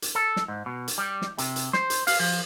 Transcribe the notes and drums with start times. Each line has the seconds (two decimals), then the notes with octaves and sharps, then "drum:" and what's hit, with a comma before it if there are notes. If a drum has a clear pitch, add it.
0.02 drum: hi-hat
0.15 A4
0.36 drum: snare
0.48 G#2
0.66 B2
0.88 drum: hi-hat
0.98 G3
1.22 drum: snare
1.38 C3, drum: hi-hat
1.56 drum: hi-hat
1.73 C5, drum: snare
1.90 drum: hi-hat
2.07 F5, drum: open hi-hat
2.20 F3